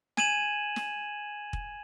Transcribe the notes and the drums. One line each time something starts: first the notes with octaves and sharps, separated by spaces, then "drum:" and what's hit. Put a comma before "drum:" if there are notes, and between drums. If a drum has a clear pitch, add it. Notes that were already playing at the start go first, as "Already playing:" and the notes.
G#5 G#6 D#7 E7 F#7, drum: snare
drum: snare
drum: kick